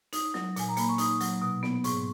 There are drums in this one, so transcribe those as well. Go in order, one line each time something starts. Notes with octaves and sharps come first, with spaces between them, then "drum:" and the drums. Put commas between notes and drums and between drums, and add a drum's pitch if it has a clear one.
D#4 D#6, drum: hi-hat
F#3, drum: snare
A#2 G#5, drum: hi-hat
A#5
A#3 B5, drum: hi-hat
C#6
D#4 D#6, drum: hi-hat
F#3, drum: hi-hat
B2
B3, drum: snare
G#2 C#6, drum: hi-hat